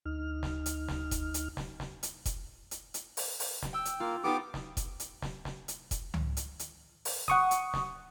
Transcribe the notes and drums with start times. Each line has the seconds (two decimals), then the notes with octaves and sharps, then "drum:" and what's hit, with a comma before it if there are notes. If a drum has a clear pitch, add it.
0.06 D2 D#4 F6
0.43 drum: snare
0.66 drum: hi-hat
0.88 drum: snare
1.11 drum: kick F1, hi-hat
1.34 drum: hi-hat
1.57 drum: snare
1.80 drum: snare
2.03 drum: hi-hat
2.26 drum: kick F1, hi-hat
2.71 drum: hi-hat
2.94 drum: hi-hat
3.17 drum: open hi-hat
3.40 drum: open hi-hat
3.63 drum: snare
3.73 G5 E6
3.85 drum: hi-hat
4.00 A#3 F4
4.24 B3 D#4 F4 G4 A4 D6
4.54 drum: snare
4.77 drum: kick F1, hi-hat
5.00 drum: hi-hat
5.22 drum: snare
5.45 drum: snare
5.68 drum: hi-hat
5.91 drum: kick F1, hi-hat
6.14 drum: tom C#2
6.37 drum: hi-hat
6.59 drum: hi-hat
7.05 drum: open hi-hat
7.28 F#5 C#6 D#6, drum: snare
7.51 drum: hi-hat
7.74 drum: snare